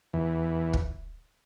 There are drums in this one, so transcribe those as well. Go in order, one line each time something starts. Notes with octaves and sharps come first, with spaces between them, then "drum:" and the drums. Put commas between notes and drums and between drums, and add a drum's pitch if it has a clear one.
E2 E3
drum: kick